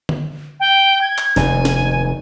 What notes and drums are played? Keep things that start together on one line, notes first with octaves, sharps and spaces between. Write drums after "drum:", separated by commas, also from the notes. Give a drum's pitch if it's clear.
drum: tom D3
G5
G#6
drum: clap
F1 D#2 G#5, drum: snare
drum: snare